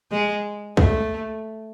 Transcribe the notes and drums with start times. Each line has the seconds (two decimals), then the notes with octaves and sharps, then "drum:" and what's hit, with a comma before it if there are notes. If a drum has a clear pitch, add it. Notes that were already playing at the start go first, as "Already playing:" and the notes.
0.12 G#3
0.77 A3, drum: kick